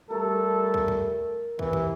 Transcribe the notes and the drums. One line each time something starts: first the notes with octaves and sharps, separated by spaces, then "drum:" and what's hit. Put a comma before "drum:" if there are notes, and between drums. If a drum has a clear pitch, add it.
G3 A3 A4 A#4
drum: kick
drum: kick
C3 E3, drum: kick
drum: kick